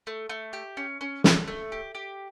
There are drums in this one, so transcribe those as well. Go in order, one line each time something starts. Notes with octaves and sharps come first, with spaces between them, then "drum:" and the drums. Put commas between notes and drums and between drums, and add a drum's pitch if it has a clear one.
A3
A3
G4
C#4
C#4
A3, drum: snare
A3
G4
G4